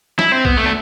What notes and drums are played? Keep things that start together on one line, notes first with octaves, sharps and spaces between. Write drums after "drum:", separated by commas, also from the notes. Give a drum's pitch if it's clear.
E4, drum: snare
C4
B3, drum: kick B1
A3
D4